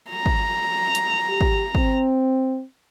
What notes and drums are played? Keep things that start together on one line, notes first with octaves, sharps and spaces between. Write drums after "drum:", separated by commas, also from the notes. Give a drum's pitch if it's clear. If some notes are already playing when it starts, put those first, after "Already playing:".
A#5
drum: kick
drum: hi-hat
G4
drum: kick
C4, drum: kick